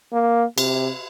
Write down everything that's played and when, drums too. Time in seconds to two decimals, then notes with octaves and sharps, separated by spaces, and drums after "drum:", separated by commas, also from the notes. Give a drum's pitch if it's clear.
0.12 A#3
0.58 C3, drum: cymbal